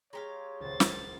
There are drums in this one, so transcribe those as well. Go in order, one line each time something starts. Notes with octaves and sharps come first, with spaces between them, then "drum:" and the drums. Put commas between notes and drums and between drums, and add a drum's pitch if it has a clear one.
G#3 G4 C#5 F5 A#5 C#6
D#1 C#2 C5 A6
drum: snare